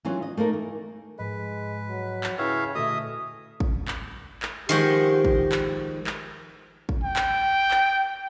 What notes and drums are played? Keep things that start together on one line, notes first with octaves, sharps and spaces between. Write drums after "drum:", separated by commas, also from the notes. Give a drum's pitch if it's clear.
E3 F#3 C#4 F4
D#5
A3 A#3 D#4 A#4
E3
G#2 F3 G#3 B4 D#5
F#3
drum: clap
C#3 E4 B4 C#5 E5 F5 G5
A#2 D3 A3 F#4 D#5 E5 D#6
drum: kick
drum: clap
drum: clap
D#3 F3 G#3 G4 F#5 C#6 G6
drum: kick
drum: clap
drum: clap
drum: kick
G5
drum: clap
drum: clap